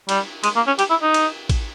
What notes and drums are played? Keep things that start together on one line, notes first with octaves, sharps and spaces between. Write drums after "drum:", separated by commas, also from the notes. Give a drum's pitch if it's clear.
G3, drum: cymbal
G#3, drum: cymbal
A#3
C#4
G4, drum: cymbal
E4
D#4
drum: cymbal
drum: kick, cymbal